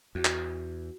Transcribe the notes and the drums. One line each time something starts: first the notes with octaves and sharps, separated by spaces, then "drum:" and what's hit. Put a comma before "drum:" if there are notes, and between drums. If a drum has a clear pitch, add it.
E2 F#4
drum: clap